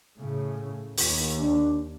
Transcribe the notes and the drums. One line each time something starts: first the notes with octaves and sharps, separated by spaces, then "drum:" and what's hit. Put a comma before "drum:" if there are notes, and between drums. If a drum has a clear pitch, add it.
A2 C#3
D#2, drum: open hi-hat
D4